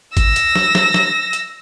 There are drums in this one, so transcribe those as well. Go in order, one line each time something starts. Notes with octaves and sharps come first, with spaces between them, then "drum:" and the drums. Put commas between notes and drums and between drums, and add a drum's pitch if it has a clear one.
E6 A#6, drum: kick A1, hi-hat
drum: hi-hat
drum: snare
drum: snare
drum: snare
drum: hi-hat